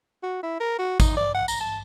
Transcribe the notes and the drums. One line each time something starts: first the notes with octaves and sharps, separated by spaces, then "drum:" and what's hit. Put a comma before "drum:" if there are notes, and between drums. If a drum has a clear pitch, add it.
F#4
E4
A#4
F#4
D#4, drum: kick G#1, tambourine
D5
F#5
A#5, drum: tambourine
A5